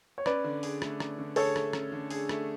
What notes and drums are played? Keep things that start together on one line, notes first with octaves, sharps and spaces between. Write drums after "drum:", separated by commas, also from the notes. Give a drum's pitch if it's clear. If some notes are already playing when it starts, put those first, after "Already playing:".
C#5
C#4 B4 D5, drum: rim click
D3
G#4, drum: open hi-hat
A3, drum: rim click
C#4, drum: rim click
D3
G#4 A4 C#5, drum: open hi-hat
A3, drum: rim click
C#4, drum: rim click
D3
G#4, drum: open hi-hat
A3, drum: rim click